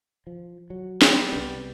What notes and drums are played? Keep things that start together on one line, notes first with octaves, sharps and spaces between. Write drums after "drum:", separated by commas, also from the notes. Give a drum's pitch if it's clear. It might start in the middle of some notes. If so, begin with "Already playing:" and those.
F3
F#3
G3, drum: snare
C2 B3